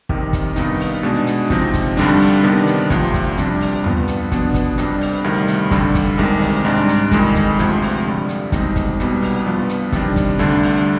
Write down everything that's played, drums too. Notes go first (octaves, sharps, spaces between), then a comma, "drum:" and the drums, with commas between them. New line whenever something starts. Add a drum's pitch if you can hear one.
C2 C3 D#3, drum: kick
drum: kick, hi-hat
G2 D#3 B3 D#4, drum: hi-hat
drum: open hi-hat
B2 G#3 D4
drum: hi-hat
C3 F3 C4 D#4, drum: kick, hi-hat
drum: kick, hi-hat
G2 D3 G3 D4, drum: hi-hat
drum: open hi-hat
C3 D#3 B3 D4
drum: hi-hat
D2 C3 F3, drum: kick, hi-hat
drum: kick, hi-hat
C2 C3 G3 D4, drum: hi-hat
drum: open hi-hat
G2 F3 B3, drum: tom
drum: hi-hat
B2 B3 D4, drum: kick, hi-hat
drum: kick, hi-hat
F2 C3 G3 D4, drum: hi-hat
drum: open hi-hat
D2 C3 D#3 G3
drum: hi-hat
G2 D3 G3, drum: kick, hi-hat
drum: kick, hi-hat
C2 C3 D#3 G#3
drum: open hi-hat
G#2 G3 D4
drum: hi-hat
F2 D#3 G#3, drum: kick, hi-hat
drum: kick, hi-hat
D2 C3 F3 G#3, drum: hi-hat
drum: open hi-hat
G2 D3 G3
drum: hi-hat
C2 B2 G#3 C4 D#4, drum: kick, hi-hat
drum: kick, hi-hat
C2 B2 G3 B3, drum: hi-hat
drum: open hi-hat
G2 F3 B3
drum: hi-hat
C3 D#3 G3 D4, drum: kick, hi-hat
drum: kick, hi-hat
D2 D3 G3 D4, drum: hi-hat
drum: open hi-hat